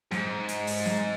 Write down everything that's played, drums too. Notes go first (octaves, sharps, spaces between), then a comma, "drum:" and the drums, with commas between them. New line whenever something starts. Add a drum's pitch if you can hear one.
G#2, drum: snare
drum: hi-hat
drum: open hi-hat
drum: snare